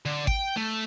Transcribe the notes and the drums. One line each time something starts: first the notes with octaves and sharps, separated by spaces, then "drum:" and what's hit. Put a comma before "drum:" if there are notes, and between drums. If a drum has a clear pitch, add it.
D3
G5, drum: kick G#1
A3